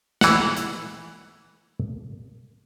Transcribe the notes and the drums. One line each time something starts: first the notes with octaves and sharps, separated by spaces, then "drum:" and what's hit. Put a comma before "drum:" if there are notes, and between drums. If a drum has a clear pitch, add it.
E3 F#5, drum: snare
drum: hi-hat